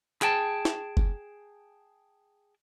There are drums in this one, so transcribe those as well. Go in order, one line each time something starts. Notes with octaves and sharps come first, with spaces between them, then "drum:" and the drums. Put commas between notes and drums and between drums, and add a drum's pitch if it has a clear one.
G#4 G5 A5, drum: clap
drum: snare
drum: kick